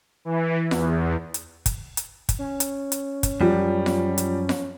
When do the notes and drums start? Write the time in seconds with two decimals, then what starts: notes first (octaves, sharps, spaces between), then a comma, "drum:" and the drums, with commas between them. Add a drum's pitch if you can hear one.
0.25 E3
0.71 E2, drum: snare F4
1.34 drum: hi-hat
1.66 drum: kick, hi-hat
1.97 drum: hi-hat
2.29 drum: kick, hi-hat
2.39 C#4
2.60 drum: hi-hat
2.92 drum: hi-hat
3.23 drum: kick, hi-hat
3.41 F#2 F3 G3
3.86 drum: snare F4
4.18 drum: hi-hat
4.49 drum: snare F4